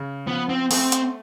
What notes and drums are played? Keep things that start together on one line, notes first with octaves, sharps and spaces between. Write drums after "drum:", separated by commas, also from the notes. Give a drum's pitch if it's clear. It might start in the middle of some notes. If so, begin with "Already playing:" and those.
Already playing: C#3
F3 B3
C4
A3 C4, drum: open hi-hat
drum: hi-hat